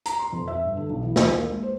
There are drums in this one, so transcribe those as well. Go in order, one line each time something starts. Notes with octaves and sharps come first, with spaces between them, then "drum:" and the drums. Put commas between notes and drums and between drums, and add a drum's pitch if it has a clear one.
A#5, drum: hi-hat
C6
F2
E5
G2
D3
B1
E3
D#2, drum: snare
A#3
G#3
C5